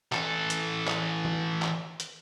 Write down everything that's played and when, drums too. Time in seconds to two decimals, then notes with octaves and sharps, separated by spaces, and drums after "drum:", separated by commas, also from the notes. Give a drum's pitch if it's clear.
0.13 E3 A4, drum: clap
0.50 drum: hi-hat
0.87 drum: clap
1.25 drum: tom D#3
1.62 drum: clap
2.00 drum: hi-hat